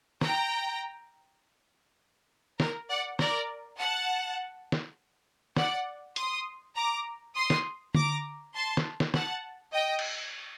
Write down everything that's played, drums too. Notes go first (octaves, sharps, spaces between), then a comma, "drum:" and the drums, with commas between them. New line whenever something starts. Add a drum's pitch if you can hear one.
G5 A#5, drum: snare
A#4, drum: snare
D5 F#5
A#4 D5, drum: snare
F#5 A5
drum: snare
D5 F#5, drum: snare
C6 D#6, drum: hi-hat
A#5 D6
C6 D#6
drum: snare
A#5 D6, drum: tom D3
A5 C6
drum: snare
drum: snare
F#5 A5, drum: snare
D#5 G5
drum: cymbal